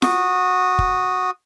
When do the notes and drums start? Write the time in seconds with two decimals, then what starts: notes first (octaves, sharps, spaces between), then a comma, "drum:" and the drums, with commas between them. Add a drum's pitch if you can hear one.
0.02 F#4 D#6, drum: snare
0.79 drum: kick